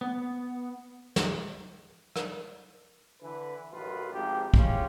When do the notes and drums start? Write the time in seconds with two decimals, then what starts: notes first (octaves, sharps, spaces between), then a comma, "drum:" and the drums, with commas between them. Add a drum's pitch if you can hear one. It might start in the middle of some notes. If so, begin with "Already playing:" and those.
0.01 B3
1.16 drum: snare
2.16 drum: rim click
3.22 D3 E3 B4
3.73 A1 F#2 D#3 F#3 F4 B4
4.14 G#1 F3 G#3 D#4 G4
4.54 G#3 C#4 E4 F4 G4, drum: kick